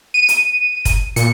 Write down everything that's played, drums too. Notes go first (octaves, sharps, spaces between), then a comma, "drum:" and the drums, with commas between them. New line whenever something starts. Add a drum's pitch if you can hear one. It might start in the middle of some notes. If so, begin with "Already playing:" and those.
D#7
drum: hi-hat
drum: kick, hi-hat
A#2 C#7, drum: hi-hat